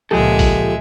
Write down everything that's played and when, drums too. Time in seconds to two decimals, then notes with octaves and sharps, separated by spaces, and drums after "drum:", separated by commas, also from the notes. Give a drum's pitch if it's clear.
0.11 C#2 A#2 F3 G#3 G4 A4 E5
0.39 drum: kick A1, open hi-hat